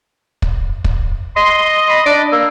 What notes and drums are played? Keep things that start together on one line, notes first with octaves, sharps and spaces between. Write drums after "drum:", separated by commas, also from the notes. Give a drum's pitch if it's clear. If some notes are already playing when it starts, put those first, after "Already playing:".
drum: kick
drum: kick
D#5 C6
B5
D4 D5
A#3 E6